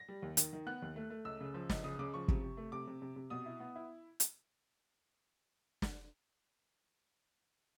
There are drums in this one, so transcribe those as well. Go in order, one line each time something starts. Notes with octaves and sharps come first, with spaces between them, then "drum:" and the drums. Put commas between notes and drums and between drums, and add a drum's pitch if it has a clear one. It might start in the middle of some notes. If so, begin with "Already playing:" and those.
Already playing: A#6
G3
D#2
D#3, drum: hi-hat
D#3
B3 F#6
D#2
A3
A3
C#2 E6
C#3
F3
C#2, drum: snare
C#3 D#6
C#3 D6
F3 C#6
C3, drum: kick
C3
A3
C3 D6
C3
C3
C3
B2 D#6
E4
B3
E4
drum: hi-hat
drum: snare